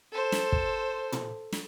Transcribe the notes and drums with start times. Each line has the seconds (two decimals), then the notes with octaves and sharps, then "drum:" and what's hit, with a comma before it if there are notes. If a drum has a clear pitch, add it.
0.12 A4 C5
0.32 drum: snare
0.52 drum: kick
1.12 drum: tom
1.52 drum: snare